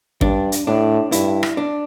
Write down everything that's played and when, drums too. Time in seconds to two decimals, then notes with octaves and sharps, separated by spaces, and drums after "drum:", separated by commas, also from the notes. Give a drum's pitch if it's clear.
0.21 G2 D4, drum: kick
0.52 drum: hi-hat
0.67 A2 D4
1.12 G2 E4, drum: hi-hat
1.43 drum: rim click
1.57 D4